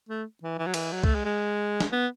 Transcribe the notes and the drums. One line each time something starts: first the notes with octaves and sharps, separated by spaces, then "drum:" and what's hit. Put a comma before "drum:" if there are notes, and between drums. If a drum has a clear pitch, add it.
A3
E3
E3
F#3
E3, drum: cymbal
F#3
A3, drum: kick
G#3
G#3
drum: snare
B3